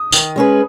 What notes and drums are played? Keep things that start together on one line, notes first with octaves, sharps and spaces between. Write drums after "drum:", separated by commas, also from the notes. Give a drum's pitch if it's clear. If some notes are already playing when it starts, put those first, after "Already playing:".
Already playing: D#6
D#3, drum: tambourine
G#3 C#4 G#4 B4